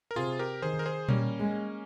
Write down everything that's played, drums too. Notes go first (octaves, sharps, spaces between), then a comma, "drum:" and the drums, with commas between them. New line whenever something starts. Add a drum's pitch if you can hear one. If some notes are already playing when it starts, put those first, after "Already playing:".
A#4
C3 F4 G#4
G4 A#4
D#3 G#4 C5
A#4
G#4 C5
G3 A#3 C#4, drum: tom A#2
G#3